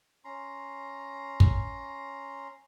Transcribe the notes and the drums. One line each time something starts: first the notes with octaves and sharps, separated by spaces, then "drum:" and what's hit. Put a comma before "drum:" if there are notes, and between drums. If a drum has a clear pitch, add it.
C#4 A#5 C6
drum: kick